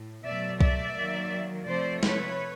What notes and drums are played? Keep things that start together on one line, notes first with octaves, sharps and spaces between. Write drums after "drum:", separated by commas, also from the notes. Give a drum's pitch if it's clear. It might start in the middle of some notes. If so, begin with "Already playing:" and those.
Already playing: A2
B2 F#3 A3 D5 E5
D5 E5, drum: kick B1
D#3 F#3 A#3
C3 F3 A3 C5 D5
B4 C#5, drum: snare